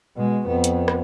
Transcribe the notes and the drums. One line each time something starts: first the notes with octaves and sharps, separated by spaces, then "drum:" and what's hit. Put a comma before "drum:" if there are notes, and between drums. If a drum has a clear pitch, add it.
B2 G#3
F2 B3
drum: hi-hat
drum: rim click